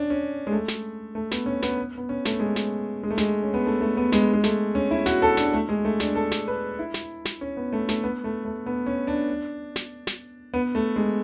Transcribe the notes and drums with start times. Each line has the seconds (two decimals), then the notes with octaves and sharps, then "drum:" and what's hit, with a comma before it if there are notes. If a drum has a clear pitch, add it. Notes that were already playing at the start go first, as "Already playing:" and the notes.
Already playing: C#4 D4
0.10 C#4
0.47 G#3
0.52 A3
0.68 drum: snare
1.15 A3
1.31 B3, drum: snare
1.46 C#4
1.62 B3, drum: snare
1.98 B3
2.09 C#4
2.25 A3, drum: snare
2.40 G#3
2.56 drum: snare
3.03 G#3
3.10 A3
3.18 G#3, drum: snare
3.43 C#4
3.54 B3
3.66 A3
3.81 A3
3.97 B3
4.12 G#3, drum: snare
4.33 G#3
4.44 A3, drum: snare
4.75 C#4
4.91 E4
5.06 F#4, drum: snare
5.22 A4
5.37 D4, drum: snare
5.53 A3
5.69 G#3
5.85 A3
6.00 D4, drum: snare
6.15 A4
6.31 drum: snare
6.48 B4
6.79 E4
6.94 drum: snare
7.25 drum: snare
7.41 C#4
7.57 B3
7.73 A3
7.89 A3, drum: snare
8.04 B3
8.24 A3
8.45 A3
8.66 B3
8.86 C#4
9.07 D4
9.76 drum: snare
10.07 drum: snare
10.54 B3
10.75 A3
10.96 G#3